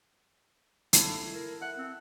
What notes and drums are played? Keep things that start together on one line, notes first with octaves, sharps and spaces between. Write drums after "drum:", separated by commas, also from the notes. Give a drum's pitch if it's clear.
E4 A4, drum: hi-hat
A#4
E5 F#5
C4